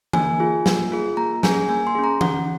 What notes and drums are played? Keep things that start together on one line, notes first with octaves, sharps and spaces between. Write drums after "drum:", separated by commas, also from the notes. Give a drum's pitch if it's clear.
A#3 G#5, drum: tom E3
F4 G#4
A#3, drum: snare
F4 G#4
A#3 A#5
C#4 G#4 G#5, drum: snare
A#3 G#5
C6
C#4 G#4
A#5
C#4 F#5, drum: tom E3